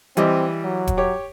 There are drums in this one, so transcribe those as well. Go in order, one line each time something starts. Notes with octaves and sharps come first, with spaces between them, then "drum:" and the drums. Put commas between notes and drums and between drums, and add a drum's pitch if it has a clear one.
E3 G3 C4 D#5, drum: hi-hat
F#3
drum: kick D#1, hi-hat
G4 C#5